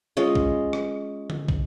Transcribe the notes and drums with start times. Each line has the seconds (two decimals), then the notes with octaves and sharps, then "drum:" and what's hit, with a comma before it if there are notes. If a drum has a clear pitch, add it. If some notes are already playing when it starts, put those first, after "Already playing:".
0.17 G#3 C#4 F4 D#5
0.35 drum: kick
0.73 drum: rim click
1.30 drum: tom D3
1.49 drum: kick